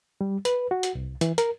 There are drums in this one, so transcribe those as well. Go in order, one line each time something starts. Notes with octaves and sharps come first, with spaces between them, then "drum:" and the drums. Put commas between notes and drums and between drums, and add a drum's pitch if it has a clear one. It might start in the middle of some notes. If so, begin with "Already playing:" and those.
G3
B4, drum: hi-hat
F#4
drum: hi-hat
C2
E3, drum: hi-hat
A#4, drum: hi-hat